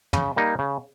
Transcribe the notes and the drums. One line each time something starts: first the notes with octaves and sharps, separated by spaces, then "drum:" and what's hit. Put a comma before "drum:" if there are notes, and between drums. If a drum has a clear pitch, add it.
C#3, drum: tom
G3 A#3 D#4
C#3